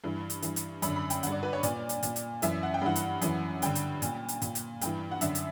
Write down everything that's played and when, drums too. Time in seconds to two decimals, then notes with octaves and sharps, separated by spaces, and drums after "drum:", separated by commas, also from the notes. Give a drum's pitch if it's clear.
0.04 G2 E3
0.30 drum: hi-hat
0.42 G2 E3, drum: hi-hat
0.56 drum: hi-hat
0.82 F#2 B5, drum: hi-hat
0.87 D3
0.96 B5
1.10 G5, drum: hi-hat
1.23 G2 D3 F#5, drum: hi-hat
1.32 D5
1.43 B4
1.53 C#5
1.63 A#2 D5, drum: hi-hat
1.89 drum: hi-hat
2.03 A#2, drum: hi-hat
2.16 drum: hi-hat
2.42 F#2 E3 E5, drum: hi-hat
2.63 F#5
2.74 G5
2.82 G2 E3 F#5
2.96 drum: hi-hat
3.22 F#2 E3, drum: hi-hat
3.62 G2 D3 G5, drum: hi-hat
3.75 drum: hi-hat
4.02 A#2, drum: hi-hat
4.28 drum: hi-hat
4.42 A#2, drum: hi-hat
4.55 drum: hi-hat
4.81 G2 E3 G5, drum: hi-hat
5.11 F#5
5.21 F#2 D3 E5, drum: hi-hat
5.35 drum: hi-hat